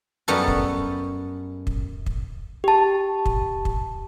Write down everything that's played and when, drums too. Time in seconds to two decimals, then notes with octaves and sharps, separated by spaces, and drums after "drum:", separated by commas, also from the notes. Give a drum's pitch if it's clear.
0.28 F#2 G3 B3 F#4 A4
0.48 drum: kick
1.67 drum: kick
2.06 drum: kick
2.64 G4 A5
3.26 drum: kick
3.65 drum: kick